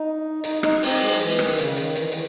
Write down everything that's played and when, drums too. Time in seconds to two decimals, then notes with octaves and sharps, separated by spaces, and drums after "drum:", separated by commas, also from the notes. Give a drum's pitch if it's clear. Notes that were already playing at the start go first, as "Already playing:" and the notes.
Already playing: D#4
0.44 D#4, drum: hi-hat
0.63 D#4, drum: rim click
0.82 C4, drum: open hi-hat
1.01 G#3, drum: hi-hat
1.16 F#3
1.20 E3
1.39 D#3, drum: rim click
1.58 C#3, drum: hi-hat
1.77 D#3, drum: hi-hat
1.96 E3, drum: hi-hat
2.04 D#3
2.12 E3, drum: hi-hat